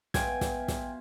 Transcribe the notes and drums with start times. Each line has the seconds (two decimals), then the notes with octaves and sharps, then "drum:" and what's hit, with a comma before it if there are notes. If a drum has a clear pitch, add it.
0.14 B2 F4 E5 G5 G#5 G#6, drum: snare
0.41 drum: snare
0.68 drum: snare